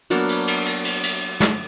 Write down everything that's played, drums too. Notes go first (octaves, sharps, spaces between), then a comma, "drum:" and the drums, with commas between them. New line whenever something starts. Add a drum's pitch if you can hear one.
F#3 A#3 B3 D4, drum: cymbal
drum: cymbal
drum: cymbal
drum: cymbal
drum: cymbal
drum: cymbal
drum: snare